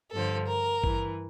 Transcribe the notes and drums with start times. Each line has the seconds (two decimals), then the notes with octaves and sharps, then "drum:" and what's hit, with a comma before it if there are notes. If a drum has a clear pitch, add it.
0.13 G2 D3 F3 A4
0.48 A#4
0.84 G2 E3, drum: kick G#1